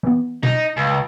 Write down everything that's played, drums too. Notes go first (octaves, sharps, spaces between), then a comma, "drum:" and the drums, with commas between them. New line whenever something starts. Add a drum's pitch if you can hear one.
E3 B3
D#4, drum: tom B2
C#2